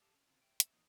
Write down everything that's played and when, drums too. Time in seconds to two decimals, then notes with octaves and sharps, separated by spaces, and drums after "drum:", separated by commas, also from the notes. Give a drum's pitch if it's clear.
0.02 G4 A4 F5 A5
0.15 C#4
0.27 C#3 C4 F4
0.42 C#5 E5 G5
0.60 C#5 E5, drum: hi-hat
0.73 E3 A#3 D#4 F4